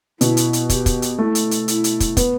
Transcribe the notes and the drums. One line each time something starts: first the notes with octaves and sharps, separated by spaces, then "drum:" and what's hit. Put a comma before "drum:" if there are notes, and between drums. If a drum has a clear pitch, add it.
B2 E4, drum: hi-hat
drum: hi-hat
drum: hi-hat
G4, drum: kick, hi-hat
drum: kick, hi-hat
drum: hi-hat
A3 E4
drum: hi-hat
drum: hi-hat
E4, drum: hi-hat
drum: hi-hat
drum: kick, hi-hat
B3, drum: kick, hi-hat